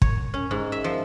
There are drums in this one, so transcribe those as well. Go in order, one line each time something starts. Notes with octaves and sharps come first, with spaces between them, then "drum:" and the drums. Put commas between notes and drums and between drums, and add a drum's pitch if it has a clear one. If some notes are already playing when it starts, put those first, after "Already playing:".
C#5, drum: kick
C#4
G#2
E5
F3